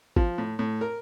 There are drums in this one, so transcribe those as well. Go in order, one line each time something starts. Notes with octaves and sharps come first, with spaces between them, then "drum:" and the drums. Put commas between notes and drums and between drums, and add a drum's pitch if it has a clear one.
F3, drum: kick G#1
A2
A2
A#4